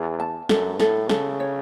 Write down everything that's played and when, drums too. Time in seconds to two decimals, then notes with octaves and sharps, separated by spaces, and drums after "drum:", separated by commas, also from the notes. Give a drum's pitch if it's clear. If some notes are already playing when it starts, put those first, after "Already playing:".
Already playing: E2 G#4
0.20 A5
0.49 F#2 A4, drum: snare
0.80 A2 A4, drum: snare
1.09 C#3 A4, drum: snare
1.40 C#5